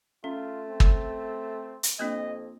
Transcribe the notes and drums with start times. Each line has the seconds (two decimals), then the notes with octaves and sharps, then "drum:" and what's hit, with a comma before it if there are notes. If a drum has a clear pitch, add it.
0.24 A3 C#4 F4
0.69 C4
0.80 drum: kick
1.83 drum: hi-hat
1.99 F2 A#3 C4 D4 D#5